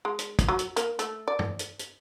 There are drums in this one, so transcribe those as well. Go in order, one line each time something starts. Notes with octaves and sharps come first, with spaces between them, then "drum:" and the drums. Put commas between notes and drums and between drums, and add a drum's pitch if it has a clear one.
G#3
drum: hi-hat
drum: kick, hi-hat
F#3
drum: hi-hat
A#3, drum: hi-hat
A3, drum: hi-hat
D5
drum: tom G2
drum: hi-hat
drum: hi-hat